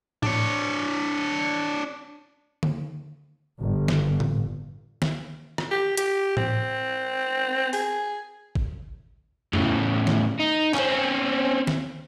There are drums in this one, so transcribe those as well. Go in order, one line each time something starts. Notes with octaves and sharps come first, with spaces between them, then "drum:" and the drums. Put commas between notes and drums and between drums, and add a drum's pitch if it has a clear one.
D4 C#5, drum: tom A2
drum: tom D3
G1
drum: snare
drum: tom A2
drum: snare
drum: rim click
G4
G4, drum: hi-hat
C4, drum: tom A2
G#4, drum: open hi-hat
drum: kick G#1
A2 C#3, drum: tom F2
drum: snare
D#4
C4 C#4, drum: clap
drum: snare